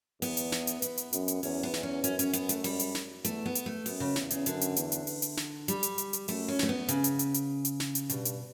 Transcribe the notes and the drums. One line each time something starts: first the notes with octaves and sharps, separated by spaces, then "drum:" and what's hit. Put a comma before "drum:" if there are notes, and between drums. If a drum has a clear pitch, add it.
E2 B3, drum: open hi-hat
drum: hi-hat
drum: snare
drum: hi-hat
B3, drum: hi-hat
drum: hi-hat
F#2, drum: hi-hat
drum: hi-hat
E2 C#4, drum: open hi-hat
B3
E2, drum: snare
C#4
F#2 C#4, drum: hi-hat
C#4, drum: hi-hat
B3, drum: hi-hat
A3, drum: hi-hat
G3, drum: open hi-hat
drum: hi-hat
drum: snare
E2 A3, drum: hi-hat
B3
drum: hi-hat
A3
F#2 B3, drum: open hi-hat
C#3
E2, drum: snare
C#3, drum: hi-hat
F#2 D3, drum: hi-hat
drum: hi-hat
E2, drum: hi-hat
drum: hi-hat
drum: open hi-hat
drum: hi-hat
drum: snare
G3, drum: hi-hat
drum: hi-hat
drum: hi-hat
drum: hi-hat
F#2 A3, drum: open hi-hat
C#4
E2 A3, drum: snare
B3
C#3, drum: hi-hat
drum: hi-hat
drum: hi-hat
drum: hi-hat
drum: hi-hat
drum: snare
drum: hi-hat
G2 B2, drum: hi-hat
drum: hi-hat